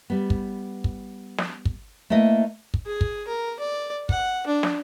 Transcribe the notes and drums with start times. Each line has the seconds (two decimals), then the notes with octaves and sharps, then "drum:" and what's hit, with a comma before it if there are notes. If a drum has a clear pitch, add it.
0.10 G3 B3
0.30 drum: kick
0.84 drum: kick
1.38 drum: snare
1.65 drum: kick
2.10 A3 A#3 E4 B4 D#5
2.74 drum: kick
2.86 G#4
3.01 drum: kick
3.28 A#4
3.59 D5
4.09 F#5, drum: kick
4.47 D4
4.63 drum: snare